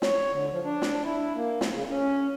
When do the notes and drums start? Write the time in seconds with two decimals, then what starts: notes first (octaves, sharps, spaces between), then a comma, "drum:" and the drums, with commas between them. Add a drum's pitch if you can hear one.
0.02 C#5, drum: snare
0.32 D3
0.51 F3
0.64 D4
0.82 drum: snare
1.03 E4
1.35 A#3
1.61 drum: snare
1.72 C#3
1.89 C#4